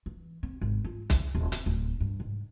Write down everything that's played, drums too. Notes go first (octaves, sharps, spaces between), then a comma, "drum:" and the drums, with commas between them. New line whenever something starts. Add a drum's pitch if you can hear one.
E3
C4
G#1
F4
E4, drum: kick B1, hi-hat
D#1
C4, drum: hi-hat
D1
G2
G#2